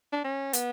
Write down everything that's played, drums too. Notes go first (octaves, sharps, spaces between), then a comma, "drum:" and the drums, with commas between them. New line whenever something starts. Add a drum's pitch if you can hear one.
D4
C#4
B3, drum: hi-hat